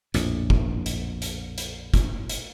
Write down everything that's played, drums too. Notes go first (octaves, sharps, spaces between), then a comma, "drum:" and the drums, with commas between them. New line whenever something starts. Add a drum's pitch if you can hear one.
A#1 F2 A2, drum: hi-hat
drum: kick
drum: hi-hat
drum: hi-hat
drum: hi-hat
drum: kick, hi-hat
drum: hi-hat